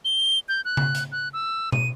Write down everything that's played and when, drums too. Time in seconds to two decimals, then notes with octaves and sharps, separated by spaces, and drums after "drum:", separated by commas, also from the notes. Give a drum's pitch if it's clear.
0.05 G7
0.49 G6
0.65 F#6
0.77 drum: tom C#3
0.95 drum: hi-hat
1.12 F#6
1.33 E6
1.72 D#7, drum: tom B2